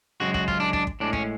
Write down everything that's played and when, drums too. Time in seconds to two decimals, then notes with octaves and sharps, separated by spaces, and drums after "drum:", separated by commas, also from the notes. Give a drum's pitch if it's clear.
0.20 F#2 C#3 G#3 F#4
0.34 F#4, drum: kick
0.48 F4, drum: kick
0.60 D4
0.73 D4, drum: kick
0.87 drum: kick
1.00 A2 G#3 D4
1.13 C#4, drum: kick